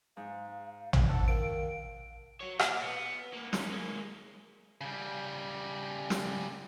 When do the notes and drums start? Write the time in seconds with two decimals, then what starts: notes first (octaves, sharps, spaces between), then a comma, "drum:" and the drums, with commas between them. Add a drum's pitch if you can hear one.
0.17 G#2 F5
0.93 drum: tom
1.07 G#2 F#5 A5 E6
1.28 D#3 F5 D7
2.41 F#4 C#5
2.59 A#2, drum: rim click
2.83 B3
3.34 A#3 B3
3.53 C#4 D#4, drum: snare
3.70 G#3 A#3
4.81 C#3 G3
6.10 drum: snare